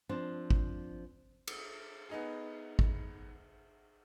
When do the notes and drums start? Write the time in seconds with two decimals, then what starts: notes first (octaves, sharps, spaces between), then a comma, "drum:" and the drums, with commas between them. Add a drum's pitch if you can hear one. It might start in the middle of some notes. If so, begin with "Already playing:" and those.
0.09 F3 C4 D4
0.50 drum: kick G#1
1.47 drum: cymbal
2.09 B3 D#4 G#4
2.79 drum: kick G#1